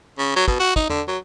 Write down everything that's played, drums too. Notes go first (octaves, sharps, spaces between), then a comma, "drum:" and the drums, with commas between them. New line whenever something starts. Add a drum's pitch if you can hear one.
C#3
F#3
B2, drum: kick
F#4
D#4, drum: kick
D3, drum: tom E2
F#3